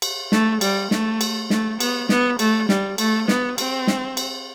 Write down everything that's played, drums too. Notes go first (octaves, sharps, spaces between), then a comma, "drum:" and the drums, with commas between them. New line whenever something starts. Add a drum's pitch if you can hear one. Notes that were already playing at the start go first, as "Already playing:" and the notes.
drum: cymbal
A3, drum: snare
G3, drum: cymbal
A3, drum: snare
drum: cymbal
A3, drum: snare
B3, drum: cymbal
B3, drum: snare
A3, drum: cymbal
G3, drum: snare
A3, drum: cymbal
B3, drum: snare
C4, drum: cymbal
drum: snare
drum: cymbal